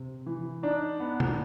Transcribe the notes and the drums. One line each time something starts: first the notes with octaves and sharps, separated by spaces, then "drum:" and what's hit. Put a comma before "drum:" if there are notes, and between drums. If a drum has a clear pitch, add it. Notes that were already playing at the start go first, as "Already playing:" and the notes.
Already playing: C3
E3
D4 D#4 D5
B3
drum: tom C3